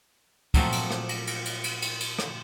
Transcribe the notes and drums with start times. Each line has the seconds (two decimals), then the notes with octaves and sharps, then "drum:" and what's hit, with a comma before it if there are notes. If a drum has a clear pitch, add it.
0.54 A#2 F3 F#3 A3 C4, drum: kick, cymbal
0.72 drum: cymbal
0.91 drum: rim click
1.09 drum: cymbal
1.27 drum: cymbal
1.45 drum: cymbal
1.64 drum: cymbal
1.82 drum: cymbal
2.00 drum: cymbal
2.19 drum: rim click